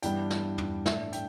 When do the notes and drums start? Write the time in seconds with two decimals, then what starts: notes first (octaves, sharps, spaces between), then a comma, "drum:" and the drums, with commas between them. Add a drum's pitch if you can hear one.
0.02 G2 E3 G3 B3 D4 G5, drum: hi-hat
0.30 drum: snare
0.58 drum: tom
0.86 A2 A3 D4 E5, drum: snare
1.13 G5, drum: hi-hat